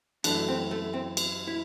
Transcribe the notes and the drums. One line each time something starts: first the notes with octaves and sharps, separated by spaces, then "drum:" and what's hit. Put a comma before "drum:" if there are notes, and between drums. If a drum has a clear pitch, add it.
F#2 E3 A3 D4, drum: cymbal
C4
A3
C4
drum: cymbal
E4